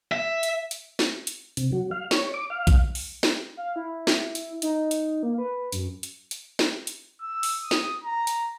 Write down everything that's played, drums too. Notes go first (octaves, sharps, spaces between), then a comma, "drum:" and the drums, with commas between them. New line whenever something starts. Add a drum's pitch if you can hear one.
E5
drum: hi-hat
drum: hi-hat
drum: snare
drum: hi-hat
C3, drum: hi-hat
F#3
F5
C#5, drum: snare
D6
F5
drum: kick B1, hi-hat
drum: open hi-hat
drum: snare
F5
E4
drum: snare
drum: hi-hat
D#4, drum: hi-hat
drum: hi-hat
A#3
B4
F#2, drum: hi-hat
drum: hi-hat
drum: hi-hat
drum: snare
drum: hi-hat
E6
drum: open hi-hat
D#6
drum: snare
A#5
drum: hi-hat